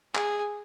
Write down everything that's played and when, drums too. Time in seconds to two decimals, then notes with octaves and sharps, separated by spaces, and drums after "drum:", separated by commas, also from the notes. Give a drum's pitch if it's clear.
0.15 G#4, drum: clap